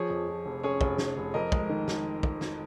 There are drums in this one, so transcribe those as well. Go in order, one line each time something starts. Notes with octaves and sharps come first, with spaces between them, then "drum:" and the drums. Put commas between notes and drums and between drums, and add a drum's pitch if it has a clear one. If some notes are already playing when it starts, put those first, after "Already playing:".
Already playing: F3 G#4 C#5
F2
F3
F1
C#4 G#4 C#5
F1, drum: kick
F1, drum: snare
F1
F2 A#4 D#5
G#3, drum: kick
D#3
drum: snare
drum: kick
drum: snare